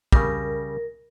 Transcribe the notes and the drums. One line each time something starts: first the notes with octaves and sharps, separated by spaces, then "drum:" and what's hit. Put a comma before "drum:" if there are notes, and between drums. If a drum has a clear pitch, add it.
C#3 G3 A#4, drum: kick